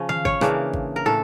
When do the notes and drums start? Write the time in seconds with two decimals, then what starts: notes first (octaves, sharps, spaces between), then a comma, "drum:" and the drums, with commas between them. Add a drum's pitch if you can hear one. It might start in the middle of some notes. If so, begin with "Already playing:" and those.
Already playing: C#3 F3 C#4
0.09 F5, drum: tom D#3
0.25 C#5, drum: kick G#1
0.41 C#3 E3 A#3 D4, drum: rim click
0.73 drum: kick G#1
0.96 A#4
1.06 A2 E3 A4